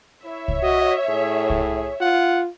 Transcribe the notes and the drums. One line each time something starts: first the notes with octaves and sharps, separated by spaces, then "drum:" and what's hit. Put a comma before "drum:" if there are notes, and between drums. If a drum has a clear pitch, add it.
E4 C#5 E5
drum: kick C2
F#4 D#5
A2 G#4
drum: kick C2
F4 F#5